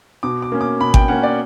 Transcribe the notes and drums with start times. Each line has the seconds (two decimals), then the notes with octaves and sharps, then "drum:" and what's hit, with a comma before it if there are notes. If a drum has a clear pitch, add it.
0.23 B2 D6
0.42 D6
0.52 A#3 C#4
0.61 D6
0.81 B2 B5
0.94 G5, drum: kick G#1
1.08 A#3 C#4 F#5
1.23 D5